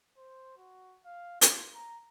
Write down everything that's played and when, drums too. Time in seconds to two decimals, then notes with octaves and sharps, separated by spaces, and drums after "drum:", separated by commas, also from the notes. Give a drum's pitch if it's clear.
0.18 C5
0.58 F#4
1.05 F5
1.41 F4, drum: hi-hat
1.75 A#5